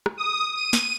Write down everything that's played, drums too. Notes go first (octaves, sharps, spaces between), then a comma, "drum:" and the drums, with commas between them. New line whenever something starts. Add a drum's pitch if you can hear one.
drum: rim click
D#6
D#7
drum: snare